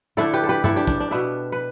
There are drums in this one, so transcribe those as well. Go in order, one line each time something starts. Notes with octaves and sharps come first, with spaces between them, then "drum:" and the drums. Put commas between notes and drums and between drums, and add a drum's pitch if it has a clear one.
D3 A3 D4 E4 A4
G4 B4
A4
G4 B4
E4 A4, drum: tom G2
D4 G4
D4, drum: kick
D4
B2 B3 D4 B4 E5
B4